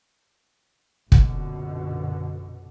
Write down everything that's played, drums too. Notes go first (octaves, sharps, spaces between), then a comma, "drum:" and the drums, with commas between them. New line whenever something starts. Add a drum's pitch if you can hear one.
A#1 F#2 B2 D3, drum: kick